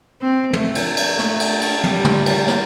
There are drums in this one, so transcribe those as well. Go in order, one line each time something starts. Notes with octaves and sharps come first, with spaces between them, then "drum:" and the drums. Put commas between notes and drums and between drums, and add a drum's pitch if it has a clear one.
C4
A3, drum: tom
drum: cymbal
drum: cymbal
A3, drum: snare
drum: cymbal
drum: cymbal
G3, drum: tom
drum: tom
drum: cymbal
drum: snare